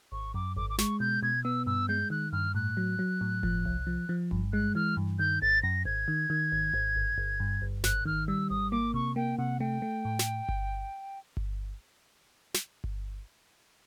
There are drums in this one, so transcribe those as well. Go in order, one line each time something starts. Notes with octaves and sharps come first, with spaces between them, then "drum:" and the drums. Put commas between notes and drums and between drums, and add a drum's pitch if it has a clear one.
G#1 C#6
F#2 D6
G#1 D6
D6
G#3 C#6, drum: snare
B2 G6
B2 G#6
B3 E6
G2 E6
G#3 G6
D#3 F#6
G2 F6
A2 F#6
F#3
F#3
A2
F3, drum: kick G1
C2
F3
F3
G2, drum: kick G1
G#3 F#6
E3 F6
G2
D#3 G6
G#1 A6
F#2 A#6
G#1 G#6
D#3
D#3
G#1
G#1
G1
G1
G2
G1
G#1 F#6, drum: snare
D#3 F6
G3 E6
G#1 D#6
A#3 D6
C3 C#6
A#3 G5
C3 F#5
A3 G5
A3
A2
drum: snare
drum: kick G1
drum: kick G1
drum: snare
drum: kick G1